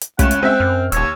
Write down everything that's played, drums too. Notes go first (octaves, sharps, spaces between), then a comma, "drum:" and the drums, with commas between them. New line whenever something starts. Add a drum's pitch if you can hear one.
drum: hi-hat
C#2 A3 C#4 F#5 E7, drum: kick, hi-hat
drum: hi-hat
G#3 C4 C#4 E5
F#2 F6
D#1 D#2 C#5 E6, drum: hi-hat